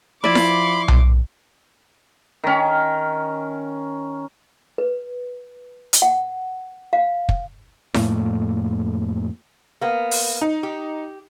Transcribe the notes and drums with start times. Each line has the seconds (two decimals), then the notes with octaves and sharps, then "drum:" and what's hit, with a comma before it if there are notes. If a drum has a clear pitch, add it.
0.24 F3 E4 D5 B5 C6 D6
0.35 drum: snare E4
0.88 drum: tom B1
2.44 D#3 C#4
4.78 B4
5.93 drum: hi-hat
6.02 F#5
6.93 F5
7.29 drum: kick
7.94 F2 A2 A3 A#3, drum: snare E4
9.81 A#3 B3
10.11 drum: open hi-hat
10.41 D#4
10.63 G4